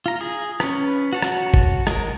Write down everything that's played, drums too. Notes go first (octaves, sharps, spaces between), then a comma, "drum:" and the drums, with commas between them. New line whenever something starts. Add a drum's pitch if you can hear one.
F4 A#5
G#4
C#4 B4, drum: rim click
F#4 C#5 A5
drum: rim click
drum: kick
G#3 A#4, drum: rim click